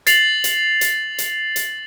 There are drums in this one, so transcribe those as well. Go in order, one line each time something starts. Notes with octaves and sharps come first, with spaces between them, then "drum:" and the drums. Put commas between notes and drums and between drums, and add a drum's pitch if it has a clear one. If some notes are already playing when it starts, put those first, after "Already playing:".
A6 C7 F7 F#7, drum: hi-hat
drum: hi-hat
drum: hi-hat
drum: hi-hat
drum: hi-hat